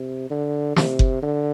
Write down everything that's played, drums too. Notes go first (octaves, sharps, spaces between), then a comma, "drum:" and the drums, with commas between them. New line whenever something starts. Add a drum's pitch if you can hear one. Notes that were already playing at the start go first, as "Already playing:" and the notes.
Already playing: C3
D3
C3, drum: snare
drum: kick F#1
D3